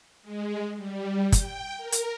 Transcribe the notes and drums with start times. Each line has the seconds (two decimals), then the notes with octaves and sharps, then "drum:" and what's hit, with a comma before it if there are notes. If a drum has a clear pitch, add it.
0.23 G#3
0.76 G3
1.32 G5, drum: kick, hi-hat
1.77 A#4
1.92 drum: hi-hat